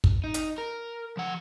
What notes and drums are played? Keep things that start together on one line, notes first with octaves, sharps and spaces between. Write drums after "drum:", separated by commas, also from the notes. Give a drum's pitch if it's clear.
drum: kick
D#4
drum: hi-hat
A#4
F3 F#5